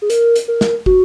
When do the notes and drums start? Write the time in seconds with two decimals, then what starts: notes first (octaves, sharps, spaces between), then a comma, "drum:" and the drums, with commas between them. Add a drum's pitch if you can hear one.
0.02 G#4
0.10 A#4, drum: hi-hat
0.36 drum: hi-hat
0.48 A#4
0.61 drum: snare
0.86 F#4, drum: kick